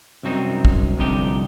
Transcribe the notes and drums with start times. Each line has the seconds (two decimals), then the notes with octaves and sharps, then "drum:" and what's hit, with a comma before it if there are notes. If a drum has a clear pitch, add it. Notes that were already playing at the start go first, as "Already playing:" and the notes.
0.23 C2 F#2 F#3 C4 D#4
0.65 drum: kick
0.98 C2 F2 D3 D#4 G4